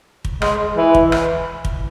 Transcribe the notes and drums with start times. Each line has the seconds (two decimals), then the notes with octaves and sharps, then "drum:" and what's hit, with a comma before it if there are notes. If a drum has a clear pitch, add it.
0.25 drum: kick
0.42 G#3, drum: rim click
0.77 E3
0.95 drum: kick
1.12 drum: rim click
1.65 drum: kick